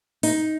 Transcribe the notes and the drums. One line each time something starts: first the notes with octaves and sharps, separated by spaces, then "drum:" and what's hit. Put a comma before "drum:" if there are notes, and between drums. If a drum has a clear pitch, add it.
D#4, drum: open hi-hat